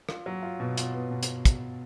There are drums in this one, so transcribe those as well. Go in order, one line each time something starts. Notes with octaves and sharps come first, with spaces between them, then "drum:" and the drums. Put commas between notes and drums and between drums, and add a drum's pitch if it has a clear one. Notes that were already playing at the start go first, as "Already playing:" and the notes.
F4, drum: rim click
F#3
F4
B2
F4, drum: hi-hat
B3
B2
drum: hi-hat
drum: kick, hi-hat